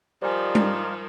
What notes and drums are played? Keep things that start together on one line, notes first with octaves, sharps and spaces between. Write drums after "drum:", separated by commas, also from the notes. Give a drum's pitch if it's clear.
D#3 F3 G3 D#4 F4 C5 D5 G#5
drum: tom G3